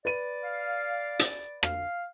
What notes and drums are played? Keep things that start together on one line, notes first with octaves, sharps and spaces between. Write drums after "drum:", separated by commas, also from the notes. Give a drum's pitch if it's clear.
B4 D5 D#7
F5
drum: hi-hat
F5, drum: rim click